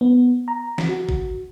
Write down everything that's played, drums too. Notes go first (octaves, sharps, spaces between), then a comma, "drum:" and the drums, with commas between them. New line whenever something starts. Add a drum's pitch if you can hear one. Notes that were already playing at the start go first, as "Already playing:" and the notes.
B3
A#5
drum: snare
F#4
drum: kick G#1